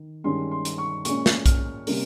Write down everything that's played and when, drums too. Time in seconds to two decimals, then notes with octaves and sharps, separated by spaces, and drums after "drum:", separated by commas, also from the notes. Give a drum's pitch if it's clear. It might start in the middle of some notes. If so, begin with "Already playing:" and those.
Already playing: D#3
0.24 G2 D#3 G#3 C#4 C6
0.51 C6
0.65 drum: hi-hat
0.78 C#6
1.05 A#2 G#3 C#4 C#6, drum: hi-hat
1.26 drum: snare
1.46 F6, drum: kick B1, hi-hat
1.87 C3 G3 A#3 C#4, drum: open hi-hat